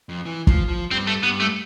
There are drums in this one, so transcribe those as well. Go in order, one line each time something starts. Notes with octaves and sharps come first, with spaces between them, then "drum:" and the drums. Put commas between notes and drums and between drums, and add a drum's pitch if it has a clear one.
F2
E3
F3, drum: kick
F3
G2 C4
A3
G2 B3
A3